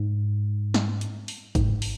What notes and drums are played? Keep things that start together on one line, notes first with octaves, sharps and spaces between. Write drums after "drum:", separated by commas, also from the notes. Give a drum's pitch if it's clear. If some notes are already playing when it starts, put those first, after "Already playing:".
Already playing: G#2
drum: snare
drum: hi-hat
drum: open hi-hat
G#2, drum: kick G1, hi-hat
drum: open hi-hat